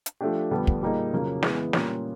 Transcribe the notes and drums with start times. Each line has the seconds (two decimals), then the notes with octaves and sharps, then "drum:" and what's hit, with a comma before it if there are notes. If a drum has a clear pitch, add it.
0.06 drum: hi-hat
0.21 F3 A3 D4 G4
0.51 F2 D3 G3 B3
0.67 drum: kick
0.82 A#2 G3 A#3 D#4 G#4
1.13 F2 C#3 F#3 A#3 C#4
1.43 E3 G#3 B3, drum: snare
1.73 A#2 G3 A#3 C#4 F4, drum: snare